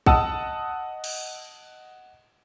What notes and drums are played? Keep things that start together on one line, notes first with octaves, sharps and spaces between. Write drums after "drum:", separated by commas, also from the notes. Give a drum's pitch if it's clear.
D#5 F#5 A5 D#6 E6, drum: kick A1
drum: cymbal